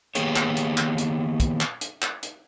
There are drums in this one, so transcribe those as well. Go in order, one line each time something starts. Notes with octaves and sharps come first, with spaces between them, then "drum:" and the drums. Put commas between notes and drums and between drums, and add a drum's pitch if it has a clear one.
D#3 A#3 B3 G4 G#4 C#5, drum: hi-hat
drum: clap
drum: hi-hat
drum: clap
drum: hi-hat
drum: kick, hi-hat
drum: clap
drum: hi-hat
drum: clap
drum: hi-hat